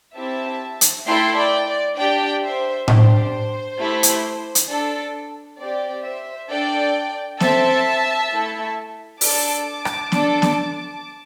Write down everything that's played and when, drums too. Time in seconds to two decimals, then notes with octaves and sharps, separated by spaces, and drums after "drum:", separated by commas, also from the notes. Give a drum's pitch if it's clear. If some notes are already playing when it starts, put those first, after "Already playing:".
0.15 C4 E4 G4 E5 A5
0.81 drum: hi-hat
1.06 A3 E4 A4 G5 C6
1.36 D5 G5
1.67 D5
1.96 D4 G4 D5 G5
2.42 C5 E5
2.88 D4 G4 C5, drum: tom A2
3.79 A3 E4 G4
4.03 drum: hi-hat
4.55 drum: hi-hat
4.68 D4 A4
5.59 C4 G4 D5
6.04 C5 E5
6.49 D4 A4 D5 G5
7.40 C4 A4 E5 A5, drum: snare B3
8.31 A3 E4 A4
9.21 D4 A4 A5 D6, drum: open hi-hat
9.85 drum: rim click
10.12 D4 A4, drum: snare B3
10.42 drum: snare B3